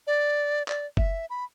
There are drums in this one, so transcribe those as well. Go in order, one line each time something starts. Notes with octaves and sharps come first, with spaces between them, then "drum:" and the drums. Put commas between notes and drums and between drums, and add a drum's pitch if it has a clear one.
D5
D5, drum: clap
E5, drum: kick F#1
B5